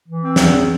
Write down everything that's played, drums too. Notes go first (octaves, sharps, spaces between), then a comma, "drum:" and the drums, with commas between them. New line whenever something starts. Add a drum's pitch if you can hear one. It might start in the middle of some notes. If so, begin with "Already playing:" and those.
E3
C4
E2, drum: snare